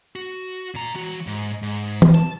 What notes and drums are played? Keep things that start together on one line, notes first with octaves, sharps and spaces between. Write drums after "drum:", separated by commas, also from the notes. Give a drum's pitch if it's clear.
F#4
A#2 A#5
E3 F#4
G#2
G#2
drum: tom E3
A5